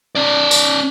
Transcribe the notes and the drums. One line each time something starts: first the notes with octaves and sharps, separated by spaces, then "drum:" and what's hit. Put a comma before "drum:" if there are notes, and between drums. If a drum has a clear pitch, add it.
C#4 D5
drum: tambourine